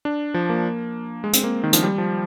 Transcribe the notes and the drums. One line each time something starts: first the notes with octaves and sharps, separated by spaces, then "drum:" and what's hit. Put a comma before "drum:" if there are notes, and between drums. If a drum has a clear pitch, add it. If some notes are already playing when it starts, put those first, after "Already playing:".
D4
F3
A#3
G#3
C4, drum: hi-hat
A#3
D#3
F3, drum: hi-hat
G3
F3